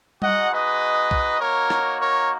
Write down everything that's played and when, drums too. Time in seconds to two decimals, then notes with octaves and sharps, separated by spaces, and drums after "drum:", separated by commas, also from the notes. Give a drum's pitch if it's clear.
0.22 G#3 D#4 F#4 D#5 F#5, drum: tom G3
0.51 B4 D#5
1.11 drum: kick
1.40 A#3 D#4 F#4 A#4 C#5
1.70 drum: rim click
2.00 A#4 C#5